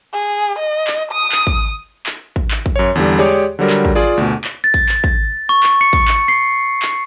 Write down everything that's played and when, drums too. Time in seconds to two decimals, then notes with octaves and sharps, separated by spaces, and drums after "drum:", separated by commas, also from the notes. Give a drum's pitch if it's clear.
0.13 G#4
0.59 D#5
0.87 drum: clap
1.11 D#6
1.32 drum: clap
1.47 drum: kick
2.06 drum: clap
2.36 drum: kick
2.51 drum: clap
2.66 drum: kick
2.76 F#2 C#5
2.95 E2 D3 G3
3.19 G#3 G4 G#4 C#5 D5
3.59 D3 F#3 G3 A#4
3.70 drum: clap
3.85 drum: kick
3.95 F4 G#4 D5
4.17 D2 B2
4.44 drum: clap
4.64 A6
4.74 drum: kick
4.89 drum: clap
5.04 drum: kick
5.49 C#6
5.63 drum: clap
5.81 C#7
5.93 drum: kick
6.08 drum: clap
6.28 C7
6.82 drum: clap